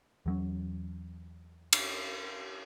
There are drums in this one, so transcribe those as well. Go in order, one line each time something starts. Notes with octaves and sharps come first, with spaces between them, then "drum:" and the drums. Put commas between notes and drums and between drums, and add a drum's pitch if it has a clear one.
E2 F#3 C#4
drum: cymbal